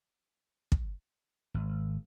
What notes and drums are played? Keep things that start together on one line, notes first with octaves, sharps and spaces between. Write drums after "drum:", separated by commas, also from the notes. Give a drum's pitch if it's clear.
drum: kick
G#1